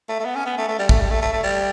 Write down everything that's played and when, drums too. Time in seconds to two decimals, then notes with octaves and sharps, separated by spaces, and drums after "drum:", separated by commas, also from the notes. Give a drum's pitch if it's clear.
0.09 A3
0.20 A3
0.25 B3
0.36 C#4
0.46 B3
0.58 A3
0.68 A3
0.79 G3
0.89 A3, drum: kick
1.00 G3
1.10 A3
1.21 A3
1.32 A3
1.43 G3